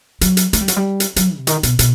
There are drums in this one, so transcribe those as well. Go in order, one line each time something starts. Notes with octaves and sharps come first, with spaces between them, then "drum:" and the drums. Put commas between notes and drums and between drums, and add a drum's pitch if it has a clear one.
F#3, drum: hi-hat
drum: hi-hat
A3, drum: hi-hat
G3
F#3, drum: hi-hat
G3
drum: hi-hat
F#3, drum: hi-hat
C3
D#3, drum: hi-hat
B2, drum: hi-hat
B2, drum: hi-hat